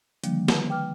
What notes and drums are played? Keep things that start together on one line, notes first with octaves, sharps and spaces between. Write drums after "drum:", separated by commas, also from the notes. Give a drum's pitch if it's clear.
D3 D#3 F3 G3 A#3 D4, drum: hi-hat
drum: snare
B4 G5 D6 F6